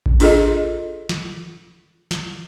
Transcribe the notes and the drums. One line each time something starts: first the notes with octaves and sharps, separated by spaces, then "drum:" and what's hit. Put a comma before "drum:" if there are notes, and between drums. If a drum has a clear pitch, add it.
drum: kick A1
D4 F4 G#4 A4 D#5, drum: open hi-hat
drum: snare
drum: snare